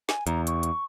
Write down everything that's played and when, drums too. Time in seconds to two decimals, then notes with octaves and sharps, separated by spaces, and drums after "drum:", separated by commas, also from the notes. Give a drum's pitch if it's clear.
0.09 G#5, drum: snare
0.27 E2 A#5, drum: hi-hat
0.47 C#6, drum: hi-hat
0.63 drum: hi-hat